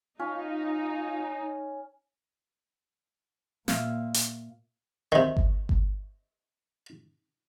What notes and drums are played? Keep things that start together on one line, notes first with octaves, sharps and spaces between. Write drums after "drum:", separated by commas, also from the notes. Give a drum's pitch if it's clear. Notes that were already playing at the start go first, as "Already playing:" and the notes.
C#4 D#4 F4
A#2 E5 F5, drum: snare
drum: hi-hat
C3 D#3
drum: kick G1
drum: kick G1